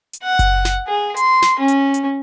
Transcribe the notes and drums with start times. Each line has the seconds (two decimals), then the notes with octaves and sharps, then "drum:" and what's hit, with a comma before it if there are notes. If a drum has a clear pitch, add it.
0.13 drum: hi-hat
0.23 F#5
0.39 drum: kick F#1, hi-hat
0.65 drum: snare
0.87 G#4
1.17 C6, drum: hi-hat
1.42 drum: snare
1.59 C#4
1.68 drum: hi-hat
1.94 drum: hi-hat